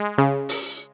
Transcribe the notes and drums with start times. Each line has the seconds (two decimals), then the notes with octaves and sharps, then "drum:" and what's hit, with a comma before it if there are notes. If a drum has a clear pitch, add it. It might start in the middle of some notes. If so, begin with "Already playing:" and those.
Already playing: G#3
0.18 C#3
0.49 drum: open hi-hat